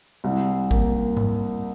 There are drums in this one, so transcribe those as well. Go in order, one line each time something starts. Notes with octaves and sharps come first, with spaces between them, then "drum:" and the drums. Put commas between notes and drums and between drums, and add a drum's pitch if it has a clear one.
C2
A#3, drum: kick
drum: tom G#2